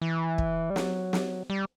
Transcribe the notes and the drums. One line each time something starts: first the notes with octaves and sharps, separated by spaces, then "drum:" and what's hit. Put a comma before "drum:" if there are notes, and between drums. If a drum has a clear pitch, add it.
E3
drum: kick
G3
F#3, drum: snare
drum: snare
G3